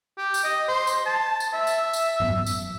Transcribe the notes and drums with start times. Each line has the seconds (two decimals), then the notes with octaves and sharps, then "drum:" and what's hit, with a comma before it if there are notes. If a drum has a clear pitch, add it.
0.18 G4
0.34 drum: tambourine
0.44 D#5
0.68 C5
0.87 drum: tambourine
1.06 A5
1.40 drum: tambourine
1.54 E5
1.67 drum: tambourine
1.93 drum: tambourine
2.20 drum: tom G#2
2.47 drum: tambourine